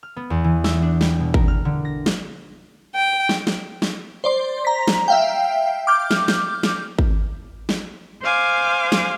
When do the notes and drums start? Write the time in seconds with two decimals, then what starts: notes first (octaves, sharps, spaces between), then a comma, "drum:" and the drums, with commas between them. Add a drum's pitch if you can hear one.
0.03 F6
0.16 B3
0.30 E2
0.44 E3
0.64 E5, drum: snare
0.82 D4
1.01 G3, drum: snare
1.20 B2
1.34 A#4, drum: kick G#1
1.48 F6
1.65 D3
1.85 A#6
2.06 drum: snare
2.95 G5
3.29 drum: snare
3.47 drum: snare
3.82 drum: snare
4.24 C5 D5 C6
4.65 A#5 B6
4.88 drum: snare
5.08 E5 F5 G5
5.87 D6 F6 G6
6.11 drum: snare
6.28 drum: snare
6.63 drum: snare
6.99 drum: kick G#1
7.69 drum: snare
8.22 C5 F5 G#5 D6
8.92 drum: snare